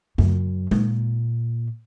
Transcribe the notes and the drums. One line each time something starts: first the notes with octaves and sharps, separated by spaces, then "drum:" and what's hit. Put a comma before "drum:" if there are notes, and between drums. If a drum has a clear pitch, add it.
F#2, drum: tom C#3
A#2, drum: tom G#3